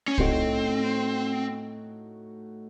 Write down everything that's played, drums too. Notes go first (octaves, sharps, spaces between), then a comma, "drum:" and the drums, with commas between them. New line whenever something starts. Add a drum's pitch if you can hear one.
C#4
A2 A3 C4 D#4 F#4, drum: kick C2